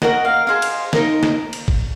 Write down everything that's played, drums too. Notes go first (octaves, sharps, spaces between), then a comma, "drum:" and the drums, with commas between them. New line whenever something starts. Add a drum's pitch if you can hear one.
F#4 A#4 D#5 F#5, drum: snare
F5
G#4 C5 D#5 F5
drum: cymbal
D#4 A#4 D#5, drum: snare
drum: snare
drum: cymbal
drum: kick G#1